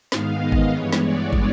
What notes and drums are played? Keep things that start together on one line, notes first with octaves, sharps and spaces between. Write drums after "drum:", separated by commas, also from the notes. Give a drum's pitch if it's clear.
G#2 D#3 G#3 B3 F5, drum: snare
D#5
drum: kick
G2 E3 G#3 B3 C#5
drum: snare
D5
drum: kick